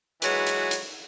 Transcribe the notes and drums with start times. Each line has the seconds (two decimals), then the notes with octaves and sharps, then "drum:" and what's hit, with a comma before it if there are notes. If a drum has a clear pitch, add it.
0.22 E3 F#3 G#3 F#4 B4 C#5, drum: hi-hat
0.47 drum: hi-hat
0.71 drum: hi-hat